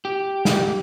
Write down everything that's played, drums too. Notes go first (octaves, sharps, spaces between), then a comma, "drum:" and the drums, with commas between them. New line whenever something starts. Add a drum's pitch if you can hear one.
G4
drum: snare